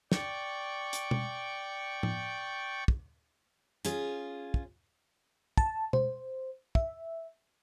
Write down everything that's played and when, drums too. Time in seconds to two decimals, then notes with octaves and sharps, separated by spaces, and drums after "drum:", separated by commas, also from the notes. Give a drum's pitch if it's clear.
0.12 D5 G5 C#6, drum: snare
0.93 drum: hi-hat
1.11 drum: tom B2
2.03 drum: tom A2
2.88 drum: kick
3.85 C#4 F4 G#4, drum: hi-hat
4.54 drum: kick
5.57 A5, drum: kick
5.93 C5, drum: tom B2
6.75 E5, drum: kick